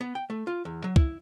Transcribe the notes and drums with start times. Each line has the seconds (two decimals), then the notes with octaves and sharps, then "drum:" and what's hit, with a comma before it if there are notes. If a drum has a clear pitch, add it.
0.01 B3
0.15 G5
0.30 A3
0.47 F4
0.65 E2
0.84 F#3
0.96 E4, drum: kick